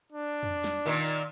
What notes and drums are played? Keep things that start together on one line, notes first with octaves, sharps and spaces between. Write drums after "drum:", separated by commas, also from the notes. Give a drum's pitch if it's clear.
D4
drum: tom F2
drum: snare
A#2 D#3